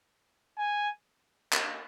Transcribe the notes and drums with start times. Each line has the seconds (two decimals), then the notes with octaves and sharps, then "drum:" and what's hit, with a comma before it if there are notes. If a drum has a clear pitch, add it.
0.58 G#5
1.53 drum: clap